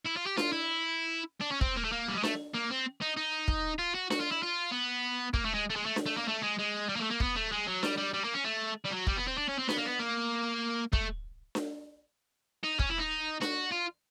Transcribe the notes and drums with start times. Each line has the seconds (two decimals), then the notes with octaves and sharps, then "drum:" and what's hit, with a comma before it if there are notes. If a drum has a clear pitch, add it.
0.06 E4
0.17 F4
0.27 G4
0.37 F4, drum: snare D4
0.52 E4
1.41 D4
1.52 C#4
1.61 C4, drum: kick
1.77 A#3
1.84 A3
1.92 A#3
2.08 G3
2.16 G#3
2.23 A3, drum: snare D4
2.54 A#3
2.71 C4
3.01 D#4
3.17 D#4
3.48 drum: kick
3.79 F4
3.95 F#4
4.10 F#4, drum: snare D4
4.20 F4
4.31 E4
4.43 F4
4.71 B3
5.34 A#3, drum: kick
5.45 A3
5.54 G#3
5.70 A3
5.76 G#3
5.86 A3
5.96 drum: snare D4
6.06 A3
6.17 A#3
6.28 A3
6.42 G#3
6.59 G#3
6.89 G3
6.96 A#3
6.99 A3
7.10 A#3
7.20 B3, drum: kick
7.36 A3
7.52 G#3
7.67 F#3
7.83 G3, drum: snare D4
7.98 G3
8.14 G3
8.24 A#3
8.34 C#4
8.45 A3
8.85 G3
8.91 F#3
9.07 G3, drum: kick
9.16 B3
9.27 C4
9.38 D4
9.48 C#4
9.58 C4
9.69 B3, drum: snare D4
9.77 A#3
9.85 B3
9.99 A#3
10.93 A3, drum: kick
11.55 drum: snare D4
12.64 D#4
12.79 C#4, drum: kick
12.90 E4
12.99 D#4
13.41 F#4, drum: snare D4
13.72 F4